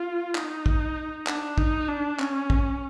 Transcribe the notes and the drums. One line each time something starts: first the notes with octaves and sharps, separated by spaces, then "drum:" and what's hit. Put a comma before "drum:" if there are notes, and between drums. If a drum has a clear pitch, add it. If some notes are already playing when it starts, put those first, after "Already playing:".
Already playing: F4
D#4, drum: clap
drum: kick
D4, drum: clap
D#4, drum: kick
D4
C#4, drum: clap
drum: kick